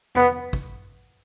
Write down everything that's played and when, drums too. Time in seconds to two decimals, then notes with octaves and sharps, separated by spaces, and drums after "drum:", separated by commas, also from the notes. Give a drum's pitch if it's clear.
0.15 B3, drum: tom E2
0.53 drum: kick